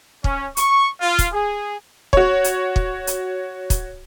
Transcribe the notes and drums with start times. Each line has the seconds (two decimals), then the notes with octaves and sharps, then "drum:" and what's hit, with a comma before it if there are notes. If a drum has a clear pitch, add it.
0.24 C#4, drum: kick
0.57 C#6, drum: hi-hat
1.00 F4
1.19 drum: kick, hi-hat
1.32 G#4
2.13 F#4 C#5, drum: kick
2.44 drum: hi-hat
2.76 drum: kick
3.07 drum: hi-hat
3.70 drum: kick, hi-hat